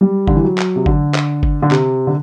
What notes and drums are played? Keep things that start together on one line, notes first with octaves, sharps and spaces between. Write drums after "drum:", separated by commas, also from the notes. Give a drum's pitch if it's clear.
G3
D3, drum: kick G1
E3
F#3
drum: clap
C3
D3, drum: kick G1
drum: clap
drum: kick G1
D3
C3, drum: clap
D3